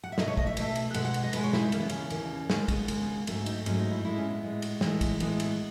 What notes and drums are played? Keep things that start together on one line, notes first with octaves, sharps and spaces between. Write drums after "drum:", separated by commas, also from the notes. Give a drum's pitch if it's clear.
F#5
E5
B2 A3 D#5, drum: snare
C#5
D#5, drum: kick
E5
B2 A3, drum: cymbal
drum: cymbal
B2 G#3 F#5, drum: cymbal
F#5
drum: cymbal
D#5
B2 G#3 B4, drum: cymbal
C#5
E4, drum: snare
D#4
D#2 C#3 E3 C#4, drum: cymbal
B3
C#4, drum: cymbal
D#2 C#3 E3, drum: cymbal
D#2 C#3 G#3 C#4, drum: snare
B3, drum: kick, cymbal
D#2 C#3 G#3, drum: cymbal
B3
G#2 F#3 A3 C#4, drum: cymbal
D#4, drum: cymbal
G#2 F#3 A3 C#4, drum: cymbal
D#4
E4
A2 G#3 E4
C#4
B3
A2 G#3
drum: cymbal
A2 E3 G#3, drum: snare
drum: kick, cymbal
A2 E3 G#3 B3, drum: cymbal
drum: cymbal